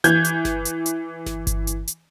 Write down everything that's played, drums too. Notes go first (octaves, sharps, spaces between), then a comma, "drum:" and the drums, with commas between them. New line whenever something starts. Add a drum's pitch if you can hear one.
E3 G6 G#6, drum: hi-hat
drum: hi-hat
drum: snare G1
drum: hi-hat
drum: hi-hat
drum: snare G1
drum: kick G1, hi-hat
drum: hi-hat
drum: hi-hat